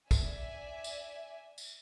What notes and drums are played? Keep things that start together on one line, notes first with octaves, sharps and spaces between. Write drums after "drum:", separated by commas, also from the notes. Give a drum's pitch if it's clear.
D5 E5 G#5, drum: kick, tambourine
drum: tambourine
drum: tambourine